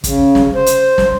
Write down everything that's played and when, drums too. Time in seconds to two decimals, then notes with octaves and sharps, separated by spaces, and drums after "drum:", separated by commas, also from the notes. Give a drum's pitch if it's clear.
0.04 C#3, drum: kick, hi-hat
0.35 drum: snare
0.55 C5
0.66 drum: hi-hat
0.98 drum: snare